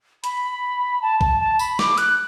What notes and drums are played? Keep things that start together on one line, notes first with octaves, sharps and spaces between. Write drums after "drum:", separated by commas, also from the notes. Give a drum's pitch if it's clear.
B5, drum: hi-hat
A5
A5, drum: kick B1
A5
B5, drum: tambourine
D6, drum: snare
F#6, drum: hi-hat